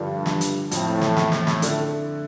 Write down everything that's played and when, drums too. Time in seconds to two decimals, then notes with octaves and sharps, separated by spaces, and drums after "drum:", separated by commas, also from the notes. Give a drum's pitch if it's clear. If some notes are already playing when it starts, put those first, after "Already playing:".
Already playing: G2 D3 F3 D4 F4
0.26 drum: snare
0.41 drum: hi-hat
0.71 F2 A2 F3 C4, drum: hi-hat
1.01 drum: snare
1.17 drum: snare
1.32 drum: snare
1.47 drum: snare
1.62 D3 A3 D4, drum: hi-hat